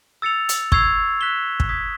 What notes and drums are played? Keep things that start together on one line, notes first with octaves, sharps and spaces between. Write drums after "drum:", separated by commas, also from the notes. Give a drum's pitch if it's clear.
E6 A6 C#7 F7
drum: hi-hat
C#6 E6 G#6 C7 F7, drum: kick
F#6 B6 E7 G7
drum: kick
D#6 G#6 B6